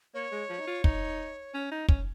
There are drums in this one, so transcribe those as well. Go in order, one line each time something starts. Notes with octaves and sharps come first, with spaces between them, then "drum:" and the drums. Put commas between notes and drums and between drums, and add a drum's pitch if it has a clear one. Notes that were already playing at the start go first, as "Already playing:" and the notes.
A#3 C#5
G#3
F3
D#4
F4
D#4, drum: kick
C#4
D#4
C#4, drum: kick